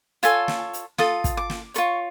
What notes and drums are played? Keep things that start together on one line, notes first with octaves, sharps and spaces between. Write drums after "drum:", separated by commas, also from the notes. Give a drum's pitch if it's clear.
F4 A4 C#5 G#5, drum: hi-hat
drum: snare
drum: hi-hat
F4 A4 D#6, drum: snare
drum: kick, hi-hat
D6
drum: snare
F4 A4 C#5 C#6, drum: hi-hat